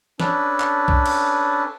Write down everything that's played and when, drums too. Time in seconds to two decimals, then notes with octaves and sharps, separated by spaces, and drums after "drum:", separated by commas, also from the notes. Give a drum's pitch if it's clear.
0.20 C#4 D4 A4 B4, drum: snare
0.60 drum: clap
0.88 drum: kick B1
1.06 drum: cymbal